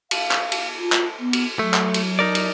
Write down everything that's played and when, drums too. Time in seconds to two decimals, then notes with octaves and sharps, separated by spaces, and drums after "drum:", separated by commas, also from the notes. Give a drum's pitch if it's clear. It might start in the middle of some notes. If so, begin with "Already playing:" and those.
0.11 F5, drum: cymbal
0.31 drum: clap
0.52 drum: cymbal
0.78 F4
0.92 drum: clap
1.19 B3
1.33 drum: cymbal
1.59 F#3 A3
1.74 drum: clap
1.94 drum: cymbal
2.19 D#4 A#4 D5
2.35 drum: cymbal